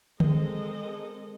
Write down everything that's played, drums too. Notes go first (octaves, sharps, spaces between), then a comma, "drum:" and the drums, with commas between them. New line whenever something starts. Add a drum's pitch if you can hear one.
G#3 C4 A4 A#4 D#5, drum: tom D3